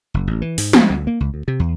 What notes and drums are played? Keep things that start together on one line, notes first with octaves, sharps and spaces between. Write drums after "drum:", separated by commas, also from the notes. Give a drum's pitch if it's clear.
F#1
A1
E3
G#2, drum: open hi-hat
F3, drum: snare
D2
A#3
C#2
D2
C3
E2